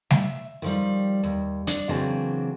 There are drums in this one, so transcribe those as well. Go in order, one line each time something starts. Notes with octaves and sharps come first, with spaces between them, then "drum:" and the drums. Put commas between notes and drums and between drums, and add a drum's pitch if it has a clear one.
E5, drum: snare
D#3 F3 G3
D#2
D4, drum: hi-hat
C#3 E3 F#3 A#3 C4 D4